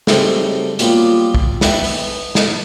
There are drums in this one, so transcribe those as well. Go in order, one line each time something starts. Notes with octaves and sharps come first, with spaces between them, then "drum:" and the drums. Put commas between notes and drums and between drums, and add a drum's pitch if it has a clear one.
C#3 F#3 G3 A3 C4 D#4, drum: snare
F#3 G3 A#3 B3 F4 G4, drum: hi-hat
drum: kick
D4 B4 E5 G5 A5, drum: snare
B3, drum: open hi-hat
drum: snare